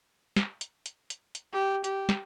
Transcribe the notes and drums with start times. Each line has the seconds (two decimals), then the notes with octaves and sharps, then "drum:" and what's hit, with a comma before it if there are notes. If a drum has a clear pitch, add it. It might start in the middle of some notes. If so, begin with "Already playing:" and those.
0.36 drum: snare
0.61 drum: hi-hat
0.86 drum: hi-hat
1.10 drum: hi-hat
1.35 drum: hi-hat
1.53 G4
1.84 G4, drum: hi-hat
2.09 drum: snare